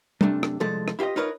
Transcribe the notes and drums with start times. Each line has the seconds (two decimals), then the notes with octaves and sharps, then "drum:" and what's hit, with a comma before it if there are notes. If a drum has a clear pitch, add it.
0.21 F#2 C3 A3 D4, drum: tom
0.43 drum: rim click
0.60 C2 F3 G#3 A3 A4
0.88 drum: rim click
0.99 E4 F4 G4 B4 D#5
1.16 D#4 F4 A#4 B4 C#5 D#5